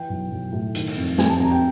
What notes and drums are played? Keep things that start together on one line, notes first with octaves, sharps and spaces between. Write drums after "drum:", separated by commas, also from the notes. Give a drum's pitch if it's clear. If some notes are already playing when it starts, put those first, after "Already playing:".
Already playing: E3 G5
B1
B1
A2
D#3, drum: hi-hat
drum: cymbal
F2
F2 G#5, drum: snare
A5
C3 A#5
G5